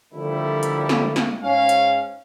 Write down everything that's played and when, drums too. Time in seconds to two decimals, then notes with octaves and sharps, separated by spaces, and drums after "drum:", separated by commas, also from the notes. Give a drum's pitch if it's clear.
0.13 D3 D#3 F3 G3 A3 E4
0.63 drum: hi-hat
0.89 drum: snare
1.16 drum: snare
1.43 G#2 C#4 F5
1.69 drum: hi-hat